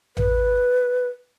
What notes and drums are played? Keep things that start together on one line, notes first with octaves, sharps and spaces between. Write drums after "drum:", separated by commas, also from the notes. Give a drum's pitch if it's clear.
B4, drum: tom A1